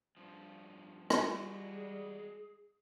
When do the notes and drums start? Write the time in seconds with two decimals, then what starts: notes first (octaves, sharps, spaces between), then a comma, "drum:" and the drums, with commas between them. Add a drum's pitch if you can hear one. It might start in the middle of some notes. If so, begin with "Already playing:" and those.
0.17 G2 F3
1.10 drum: rim click
1.22 G3 G#3 F4 F#4
1.73 G#4